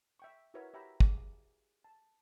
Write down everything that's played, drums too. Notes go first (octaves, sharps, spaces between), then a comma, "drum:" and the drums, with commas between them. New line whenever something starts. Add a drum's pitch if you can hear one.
E5 G5 C#6
E4 F#4 A#4 B4 C#5 E5
G4 C#5 E5 G5 A#5 B5
G#4 D5 D6, drum: kick
A5